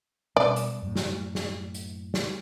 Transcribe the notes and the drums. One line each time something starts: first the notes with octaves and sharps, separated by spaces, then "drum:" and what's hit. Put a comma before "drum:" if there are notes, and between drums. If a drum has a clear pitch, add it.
B2 G3 D5
drum: hi-hat
F#2 A2
drum: snare
drum: snare
drum: hi-hat
drum: snare